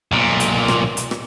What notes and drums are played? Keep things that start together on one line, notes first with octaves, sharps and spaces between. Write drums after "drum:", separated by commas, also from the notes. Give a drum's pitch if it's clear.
B1 A#2
drum: hi-hat
drum: rim click
drum: hi-hat
drum: rim click